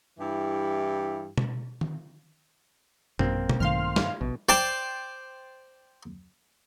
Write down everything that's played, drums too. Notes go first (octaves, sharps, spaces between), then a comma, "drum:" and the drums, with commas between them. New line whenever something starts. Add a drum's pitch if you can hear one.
G2 E3 E4 G4
drum: tom B2
drum: tom D#3
A1 F#2 A#3 C4, drum: tom B2
drum: tom B2
A#1 G2 D#3 A3 F5 C6 F6
drum: snare
A#1 B2
C5 D5 G5 A5 C6